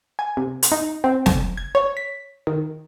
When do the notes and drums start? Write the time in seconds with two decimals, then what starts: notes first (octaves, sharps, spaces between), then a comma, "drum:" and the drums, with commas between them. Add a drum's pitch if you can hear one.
0.19 G#5
0.37 C3
0.63 drum: hi-hat
0.72 D#4
1.04 C4
1.26 drum: snare
1.57 G#6
1.75 C#5
1.97 B6
2.47 D#3